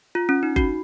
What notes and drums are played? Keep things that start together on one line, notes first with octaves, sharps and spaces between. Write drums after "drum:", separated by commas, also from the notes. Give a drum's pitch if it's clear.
F4
C#4
D#4
F#4, drum: kick F#1